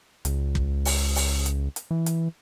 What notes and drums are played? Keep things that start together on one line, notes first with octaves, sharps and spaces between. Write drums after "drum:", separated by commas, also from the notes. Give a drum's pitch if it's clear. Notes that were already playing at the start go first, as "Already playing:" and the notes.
C#2, drum: hi-hat
drum: kick
drum: open hi-hat
drum: open hi-hat
drum: hi-hat
drum: hi-hat
E3
drum: hi-hat